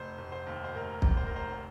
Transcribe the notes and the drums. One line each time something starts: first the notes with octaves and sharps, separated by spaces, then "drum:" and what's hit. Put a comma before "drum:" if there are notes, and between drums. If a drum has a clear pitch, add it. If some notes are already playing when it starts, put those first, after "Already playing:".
Already playing: F1 C5
F1
C5
D#2
C5
F1 A#4
D#2, drum: kick
C5
F1 A#4
C5
C5